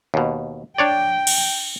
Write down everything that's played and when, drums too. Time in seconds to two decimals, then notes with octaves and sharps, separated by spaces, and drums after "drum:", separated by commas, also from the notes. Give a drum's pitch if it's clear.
0.14 D#2 B2
0.78 D4 C#5 D5 G5
1.27 drum: cymbal